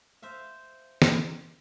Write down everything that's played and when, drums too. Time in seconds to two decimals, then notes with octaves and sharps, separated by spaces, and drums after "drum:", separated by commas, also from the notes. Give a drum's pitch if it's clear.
0.22 C5 E5 F5
1.02 drum: snare